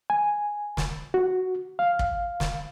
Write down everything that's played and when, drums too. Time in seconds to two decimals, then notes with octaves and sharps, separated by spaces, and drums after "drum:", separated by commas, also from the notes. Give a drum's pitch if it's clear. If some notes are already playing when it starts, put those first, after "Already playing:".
0.10 G#5
0.77 drum: snare
1.14 F#4
1.79 F5
1.99 drum: kick
2.40 drum: snare